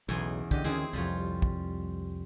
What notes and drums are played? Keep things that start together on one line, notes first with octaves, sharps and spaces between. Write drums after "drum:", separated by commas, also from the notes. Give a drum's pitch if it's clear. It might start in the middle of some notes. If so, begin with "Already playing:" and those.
B1 E2 C#3 G#5
D3 G4 D#5, drum: kick
D2 D#3 E3 C4 C#4 G#4
C2 F2 G3 F4 C#5
drum: kick